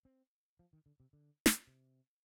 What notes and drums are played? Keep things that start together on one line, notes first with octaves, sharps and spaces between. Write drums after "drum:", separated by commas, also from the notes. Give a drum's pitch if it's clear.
C4
F3
D#3
D3
C3
D3
drum: snare
C3